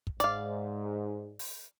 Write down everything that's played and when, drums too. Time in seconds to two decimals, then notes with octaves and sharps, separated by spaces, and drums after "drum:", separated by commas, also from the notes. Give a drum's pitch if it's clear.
0.07 drum: kick
0.20 G#2 D5 F5, drum: hi-hat
1.39 drum: open hi-hat